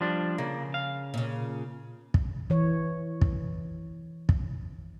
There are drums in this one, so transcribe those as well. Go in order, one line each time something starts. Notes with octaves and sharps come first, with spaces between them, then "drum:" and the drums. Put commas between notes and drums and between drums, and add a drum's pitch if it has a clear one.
F3 G3 D4
C#3 A#3
F5
A#2 C#3
drum: kick
E3 C#5
drum: kick
drum: kick